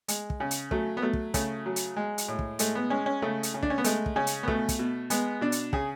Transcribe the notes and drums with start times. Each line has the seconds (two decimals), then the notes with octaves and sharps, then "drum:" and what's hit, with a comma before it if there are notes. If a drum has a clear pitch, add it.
0.08 G#3, drum: hi-hat
0.30 drum: kick
0.40 C#3
0.51 drum: hi-hat
0.71 F#3 A3, drum: kick
0.97 B3
1.02 F#3 A3
1.13 drum: kick
1.34 C#3 A3, drum: kick, hi-hat
1.66 F#3
1.76 drum: hi-hat
1.96 G#3
2.18 drum: hi-hat
2.28 A2
2.39 drum: kick
2.59 G#3 A3, drum: hi-hat
2.75 B3
2.90 G#3 C#4
3.06 C#4
3.22 C#3 A3
3.43 drum: hi-hat
3.54 C#3
3.63 D4, drum: kick
3.70 C#4
3.78 B3
3.84 G#3 A3, drum: hi-hat
4.06 drum: kick
4.16 C#3 C#4
4.27 drum: hi-hat
4.43 B3
4.48 B2 A3, drum: kick
4.68 drum: kick, hi-hat
4.79 B2
5.10 G#3 B3, drum: hi-hat
5.41 B2 D4
5.52 drum: hi-hat
5.73 C#3 G#4, drum: kick